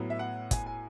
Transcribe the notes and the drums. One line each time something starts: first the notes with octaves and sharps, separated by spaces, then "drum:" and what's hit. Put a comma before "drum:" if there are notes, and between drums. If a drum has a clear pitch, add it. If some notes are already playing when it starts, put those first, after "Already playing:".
Already playing: A2 F#3 B3
E5
F#5
G#5, drum: kick, hi-hat
G#5